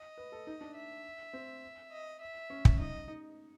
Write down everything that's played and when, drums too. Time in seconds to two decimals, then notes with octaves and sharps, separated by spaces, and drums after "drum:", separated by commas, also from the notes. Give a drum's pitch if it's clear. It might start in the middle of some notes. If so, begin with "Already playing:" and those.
Already playing: D#5
0.18 B4
0.32 A4
0.47 D#4
0.61 D4
0.75 E5
1.33 C4
1.92 D#5
2.21 E5
2.50 C#4
2.65 C#4, drum: kick
2.79 D#4 D#5
3.08 D#4